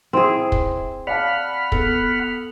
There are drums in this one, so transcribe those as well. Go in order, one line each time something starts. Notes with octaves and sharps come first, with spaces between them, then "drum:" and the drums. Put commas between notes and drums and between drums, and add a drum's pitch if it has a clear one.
C4 E4 G#4
drum: kick
D5 F5 F#5 A5 B5 F6
B3 A4, drum: kick